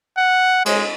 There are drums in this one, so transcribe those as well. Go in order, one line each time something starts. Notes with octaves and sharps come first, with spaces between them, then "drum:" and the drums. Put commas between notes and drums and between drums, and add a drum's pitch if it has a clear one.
F#5
G#3, drum: cymbal